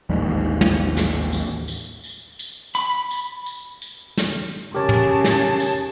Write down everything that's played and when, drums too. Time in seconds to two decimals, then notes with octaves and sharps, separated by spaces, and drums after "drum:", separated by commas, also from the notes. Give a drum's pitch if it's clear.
0.09 A1 D#2 G#2 G3
0.61 drum: tom
0.97 drum: snare
1.32 drum: tambourine
1.68 drum: tambourine
2.04 drum: tambourine
2.39 drum: tambourine
2.75 B5, drum: tambourine
3.11 drum: tambourine
3.46 drum: tambourine
3.82 drum: tambourine
4.17 drum: snare
4.75 C#3 G4 A#4 C#5 A5
4.89 drum: tom
5.24 drum: snare
5.60 drum: tambourine